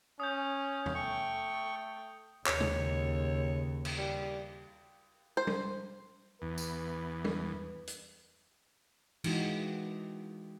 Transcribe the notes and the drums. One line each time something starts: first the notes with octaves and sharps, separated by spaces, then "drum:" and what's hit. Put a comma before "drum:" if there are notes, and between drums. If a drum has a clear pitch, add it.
C#4 D#6 G6
drum: tom E2
A3 G5 C#6
D#2 C#3 C#5, drum: clap
drum: tom
drum: cymbal
G3
C5
drum: tom G3
E2 B4
drum: tambourine
drum: tom G3
drum: hi-hat
E3 G#3 D#4 F#4, drum: cymbal